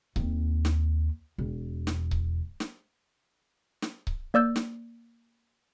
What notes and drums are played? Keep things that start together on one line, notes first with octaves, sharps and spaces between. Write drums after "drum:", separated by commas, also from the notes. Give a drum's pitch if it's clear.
D#2 C4, drum: kick C#1
drum: snare
E1
drum: snare
drum: kick C#1
drum: snare
drum: snare
drum: kick C#1
A#3 D5 E6 G6
drum: snare